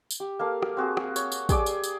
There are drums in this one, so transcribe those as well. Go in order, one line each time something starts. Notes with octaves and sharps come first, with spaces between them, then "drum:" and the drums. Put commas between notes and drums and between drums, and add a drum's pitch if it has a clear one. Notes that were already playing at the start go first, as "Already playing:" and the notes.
drum: tambourine
G4
A#3 A4 F5
drum: rim click
C4 F#4 G#4
drum: rim click
C#5, drum: tambourine
drum: tambourine
G4 G#4 D5 D6, drum: kick, tambourine
drum: tambourine
drum: tambourine